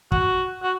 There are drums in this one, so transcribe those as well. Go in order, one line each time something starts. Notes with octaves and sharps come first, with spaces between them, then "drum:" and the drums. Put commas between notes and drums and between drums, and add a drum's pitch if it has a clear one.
F#4, drum: kick
F#4